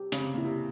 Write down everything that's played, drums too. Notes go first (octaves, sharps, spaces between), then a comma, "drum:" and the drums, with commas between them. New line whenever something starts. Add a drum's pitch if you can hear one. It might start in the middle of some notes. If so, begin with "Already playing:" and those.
Already playing: C3 G4
C#3 C4, drum: hi-hat
C3
A#2 E4
C3